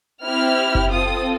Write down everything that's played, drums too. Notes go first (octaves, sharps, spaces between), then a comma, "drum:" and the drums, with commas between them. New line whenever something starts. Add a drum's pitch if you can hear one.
C4 E4 G4 F6
drum: kick F#1
C4 F4 A4 D#6